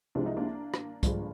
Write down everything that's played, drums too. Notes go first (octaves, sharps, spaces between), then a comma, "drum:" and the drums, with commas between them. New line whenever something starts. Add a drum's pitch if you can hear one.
C2 C3 F3 G#3 D4
D#4
A#3 D4
drum: rim click
G1 G2 F3 G#3, drum: kick, hi-hat